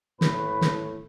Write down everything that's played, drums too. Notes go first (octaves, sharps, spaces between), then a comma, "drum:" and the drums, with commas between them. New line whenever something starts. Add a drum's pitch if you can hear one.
A2 B4, drum: snare
drum: snare